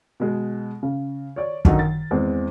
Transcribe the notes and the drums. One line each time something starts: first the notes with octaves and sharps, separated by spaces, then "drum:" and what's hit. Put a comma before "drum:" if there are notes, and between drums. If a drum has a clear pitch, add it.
B2 G#3
C#3
C#5 D5
F#2 D3 D#3 D#4, drum: kick
A6
E2 G#3 C4